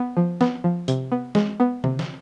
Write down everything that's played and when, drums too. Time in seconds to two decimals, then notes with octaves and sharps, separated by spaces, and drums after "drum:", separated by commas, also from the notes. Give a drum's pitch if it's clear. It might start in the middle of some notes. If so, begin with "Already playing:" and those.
Already playing: B3
0.17 F3
0.41 B3, drum: snare
0.64 F3
0.88 C3, drum: hi-hat
1.12 B3
1.35 G#3, drum: snare
1.60 B3
1.84 C3, drum: tom D3
1.99 drum: snare